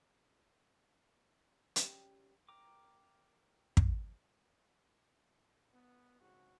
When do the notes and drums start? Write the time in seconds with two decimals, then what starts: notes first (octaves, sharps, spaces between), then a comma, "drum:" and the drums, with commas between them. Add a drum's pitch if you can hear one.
1.76 C#4 G4, drum: hi-hat
2.49 A#4 G5 A#5 D6
3.77 drum: kick
5.73 B3
6.19 G#2 C#3 C4 F#4